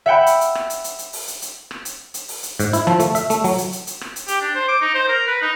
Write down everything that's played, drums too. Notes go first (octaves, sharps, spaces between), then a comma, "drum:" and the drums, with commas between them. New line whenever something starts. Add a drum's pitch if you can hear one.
E5 F#5 G5 B5
drum: hi-hat
drum: hi-hat
drum: rim click
drum: hi-hat
drum: hi-hat
drum: hi-hat
drum: open hi-hat
drum: hi-hat
drum: hi-hat
drum: rim click
drum: hi-hat
drum: hi-hat
drum: open hi-hat
drum: hi-hat
G#2, drum: hi-hat
E4, drum: hi-hat
F3, drum: rim click
A3, drum: hi-hat
E5, drum: hi-hat
A3, drum: hi-hat
F#3, drum: open hi-hat
drum: hi-hat
drum: hi-hat
drum: hi-hat
drum: rim click
drum: hi-hat
G4, drum: hi-hat
D4
C5
D6
D#4
C5
A#4
B4
D#4